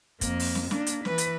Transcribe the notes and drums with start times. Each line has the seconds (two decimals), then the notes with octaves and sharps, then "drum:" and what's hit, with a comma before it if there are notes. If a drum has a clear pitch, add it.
0.21 F2 A#3, drum: kick, hi-hat
0.40 drum: open hi-hat
0.55 drum: snare
0.71 A#3 D4, drum: snare
0.87 drum: hi-hat
1.05 E3 B4, drum: snare
1.18 drum: hi-hat